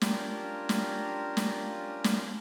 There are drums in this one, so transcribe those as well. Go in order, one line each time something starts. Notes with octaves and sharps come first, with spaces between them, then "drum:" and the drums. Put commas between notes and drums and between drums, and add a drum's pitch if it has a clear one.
C#4 D4 F4 G4 A#4, drum: snare
drum: snare
drum: snare
drum: snare